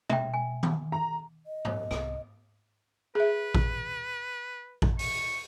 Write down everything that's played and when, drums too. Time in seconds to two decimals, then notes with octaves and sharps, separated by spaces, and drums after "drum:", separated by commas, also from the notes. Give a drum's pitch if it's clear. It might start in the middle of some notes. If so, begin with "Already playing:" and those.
0.09 E5 G5, drum: tom B2
0.34 G#5
0.63 drum: tom D#3
0.92 A#5
1.46 D#5
1.65 drum: tom G#2
1.91 C2, drum: rim click
3.15 G#4 B4 E5
3.55 drum: kick A1
4.82 drum: kick A1
4.99 C#6, drum: open hi-hat